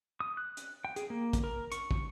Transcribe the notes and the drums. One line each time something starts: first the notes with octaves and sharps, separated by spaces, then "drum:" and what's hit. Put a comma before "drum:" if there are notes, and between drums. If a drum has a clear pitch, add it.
D#6
F#6
drum: hi-hat
G5
G#4, drum: hi-hat
A#3
drum: kick, hi-hat
A#4
C#6, drum: hi-hat
drum: kick